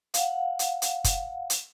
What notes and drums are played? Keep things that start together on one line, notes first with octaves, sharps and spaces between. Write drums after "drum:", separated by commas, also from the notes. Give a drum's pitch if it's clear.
F5 F#5, drum: hi-hat
drum: hi-hat
drum: hi-hat
drum: kick, hi-hat
drum: hi-hat